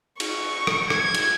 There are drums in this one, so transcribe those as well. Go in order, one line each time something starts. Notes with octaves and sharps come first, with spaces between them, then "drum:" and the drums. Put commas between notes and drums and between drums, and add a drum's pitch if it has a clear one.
C#6, drum: cymbal
drum: rim click
G#6, drum: rim click
drum: cymbal